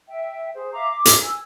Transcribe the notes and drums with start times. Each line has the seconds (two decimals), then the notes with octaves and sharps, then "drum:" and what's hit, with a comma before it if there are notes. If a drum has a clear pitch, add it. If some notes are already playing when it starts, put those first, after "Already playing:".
0.08 E5 G5
0.54 G#4 C5
0.73 E5 F5 A#5 D6
0.88 D6
1.05 drum: hi-hat
1.21 G#5 E6